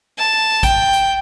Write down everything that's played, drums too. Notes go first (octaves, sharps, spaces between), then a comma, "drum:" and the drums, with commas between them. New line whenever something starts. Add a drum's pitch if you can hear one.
A5
G5, drum: kick A1, hi-hat
drum: hi-hat